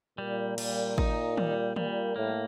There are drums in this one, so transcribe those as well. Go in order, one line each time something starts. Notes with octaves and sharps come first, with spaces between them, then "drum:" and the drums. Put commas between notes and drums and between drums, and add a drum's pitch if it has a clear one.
A#2 G3
G3, drum: cymbal
D#4, drum: kick G#1
G3, drum: tom D#3
A#2 G3, drum: tom D#3
A2 A#3